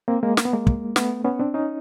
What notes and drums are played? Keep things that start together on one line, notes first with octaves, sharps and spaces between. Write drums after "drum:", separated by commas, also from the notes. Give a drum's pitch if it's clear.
A#3 C4
G#3 A#3
A#3, drum: snare
B3
G#3 A#3
drum: kick
A3 B3, drum: snare
B3 C#4
C4 D4
C#4 D#4